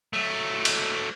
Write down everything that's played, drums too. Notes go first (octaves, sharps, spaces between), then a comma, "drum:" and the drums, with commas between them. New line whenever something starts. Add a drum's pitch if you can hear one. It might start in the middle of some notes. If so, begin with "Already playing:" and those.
F#3 A3
drum: cymbal